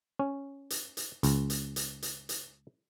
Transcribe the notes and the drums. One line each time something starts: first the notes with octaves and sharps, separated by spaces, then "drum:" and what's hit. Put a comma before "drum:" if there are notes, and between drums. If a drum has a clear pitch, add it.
C#4
drum: hi-hat
drum: hi-hat
C#2, drum: hi-hat
drum: hi-hat
drum: hi-hat
drum: hi-hat
drum: hi-hat